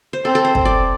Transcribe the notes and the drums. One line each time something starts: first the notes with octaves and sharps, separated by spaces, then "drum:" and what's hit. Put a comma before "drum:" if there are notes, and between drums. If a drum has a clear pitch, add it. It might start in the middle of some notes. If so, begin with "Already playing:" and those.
C5
C4 A4
A4
C5
drum: kick
D5